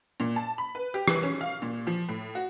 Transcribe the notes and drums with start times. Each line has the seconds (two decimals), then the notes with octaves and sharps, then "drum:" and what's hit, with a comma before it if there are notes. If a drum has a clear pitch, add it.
0.20 A#2
0.36 A5
0.58 B5
0.75 B4
0.94 G4
1.08 E3, drum: rim click
1.23 C#4
1.41 F5
1.62 A#2
1.87 F3
2.09 A2
2.35 F#4